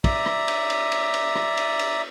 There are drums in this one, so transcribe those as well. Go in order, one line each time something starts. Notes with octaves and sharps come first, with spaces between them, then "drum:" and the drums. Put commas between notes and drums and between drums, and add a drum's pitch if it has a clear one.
D5 E5 A#5, drum: kick, cymbal
drum: rim click
drum: cymbal
drum: cymbal
drum: cymbal
drum: cymbal
drum: rim click
drum: cymbal
drum: cymbal